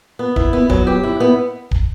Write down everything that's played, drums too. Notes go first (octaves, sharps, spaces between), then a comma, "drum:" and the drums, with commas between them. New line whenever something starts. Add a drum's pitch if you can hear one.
B3
E4, drum: kick D1
B3
F#3, drum: kick D1
G4
E4
B3
drum: kick D1